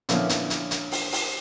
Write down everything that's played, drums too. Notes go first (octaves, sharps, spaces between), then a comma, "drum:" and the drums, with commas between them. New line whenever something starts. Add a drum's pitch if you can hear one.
A#2 D3 F3 B3 C#4 E4, drum: hi-hat
drum: hi-hat
drum: hi-hat
drum: hi-hat
drum: open hi-hat
drum: open hi-hat